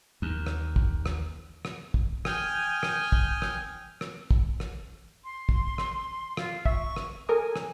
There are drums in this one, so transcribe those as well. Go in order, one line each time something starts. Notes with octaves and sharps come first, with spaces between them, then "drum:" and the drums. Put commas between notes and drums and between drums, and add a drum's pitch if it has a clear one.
D#2
drum: rim click
drum: kick
drum: rim click
drum: rim click
drum: kick
G5 G#5 D#6 F6 G6, drum: rim click
drum: rim click
drum: kick
drum: rim click
drum: rim click
drum: kick
drum: rim click
C6
drum: kick
drum: rim click
F4, drum: rim click
E5 C#6, drum: kick
drum: rim click
A4 A#4 G#5 D#6
drum: rim click